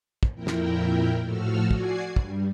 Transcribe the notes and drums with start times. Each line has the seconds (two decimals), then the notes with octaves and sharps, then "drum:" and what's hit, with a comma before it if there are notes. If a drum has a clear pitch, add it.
0.23 drum: kick
0.34 F2 A#2 E4 A#4 G5
0.47 drum: snare
1.22 A2 F3 F#4 A4 E6 F6
1.71 F#4 D5 G#5 G#6 C7, drum: kick
2.16 G2 G3, drum: kick